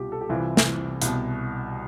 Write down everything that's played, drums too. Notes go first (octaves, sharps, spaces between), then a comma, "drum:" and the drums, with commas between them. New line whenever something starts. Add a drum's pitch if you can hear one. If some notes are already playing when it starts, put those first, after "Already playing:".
Already playing: C2 B2 F4 G4
A4
G4
C2 C3 E3 F4
drum: snare
C2 B2, drum: hi-hat